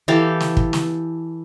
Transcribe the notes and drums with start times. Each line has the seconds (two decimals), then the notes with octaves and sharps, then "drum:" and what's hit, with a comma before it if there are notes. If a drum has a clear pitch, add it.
0.08 E3 G4 A4 F5
0.40 drum: snare
0.57 drum: kick
0.73 drum: snare